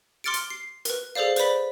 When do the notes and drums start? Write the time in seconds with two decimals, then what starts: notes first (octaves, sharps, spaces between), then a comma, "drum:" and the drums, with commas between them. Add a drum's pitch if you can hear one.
0.24 C6 D6 F6 A6 C#7 D7
0.34 drum: hi-hat
0.50 C7
0.85 A#4 B4, drum: hi-hat
1.15 G#4 A4 C5 D5 F5
1.36 B4 C5 D5 B5 B6, drum: hi-hat